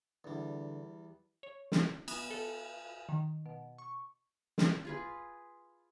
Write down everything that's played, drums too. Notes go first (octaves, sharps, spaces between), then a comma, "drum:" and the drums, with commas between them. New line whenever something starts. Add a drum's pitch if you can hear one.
E2 D3 G3
C#5
drum: snare
B3, drum: cymbal
A4
D#3
B2
C#6
drum: snare
F4 G#4 B4